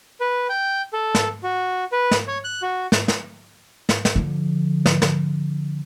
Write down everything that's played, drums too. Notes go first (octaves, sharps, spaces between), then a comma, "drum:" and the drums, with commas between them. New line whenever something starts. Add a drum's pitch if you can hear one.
B4
G5
A4
drum: snare
F#4
B4
drum: snare
C#5
F#6
F#4
drum: snare
drum: snare
drum: snare
drum: snare
D3 F3
drum: snare
drum: snare